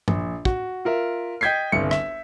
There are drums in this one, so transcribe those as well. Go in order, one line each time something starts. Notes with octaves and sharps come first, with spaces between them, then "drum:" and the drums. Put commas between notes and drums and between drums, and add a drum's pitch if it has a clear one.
A#1, drum: tom G2
F#4, drum: kick
F4 A#4 E5
D#5 G5 G6 G#6 B6 C7
G1 C2 C#7
E5, drum: rim click